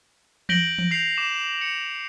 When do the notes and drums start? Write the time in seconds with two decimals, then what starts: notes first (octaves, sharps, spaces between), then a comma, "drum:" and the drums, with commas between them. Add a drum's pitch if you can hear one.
0.49 G6 A#6 B6 D7 F#7 G7, drum: tom E3
0.78 drum: tom E3
0.91 G6 B6 C7 F7
1.17 D6 E7
1.61 C#7